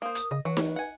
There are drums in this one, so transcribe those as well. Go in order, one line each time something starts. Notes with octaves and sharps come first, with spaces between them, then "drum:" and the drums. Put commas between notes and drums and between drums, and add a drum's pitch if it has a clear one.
A#3 A#4 C5 D#6
drum: hi-hat
C#3 D#5
E3 F#3 B4
drum: snare D#4
F#5 G#5